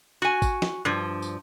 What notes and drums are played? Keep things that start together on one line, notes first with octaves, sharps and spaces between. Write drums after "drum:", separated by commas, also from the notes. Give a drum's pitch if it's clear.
F#4 G#5
drum: kick, tambourine
drum: snare
G2 F3
drum: tambourine